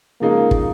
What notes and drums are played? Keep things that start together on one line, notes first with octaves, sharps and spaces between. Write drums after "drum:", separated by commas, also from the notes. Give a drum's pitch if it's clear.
C#3 F3 G#3 A#3 D#4
drum: kick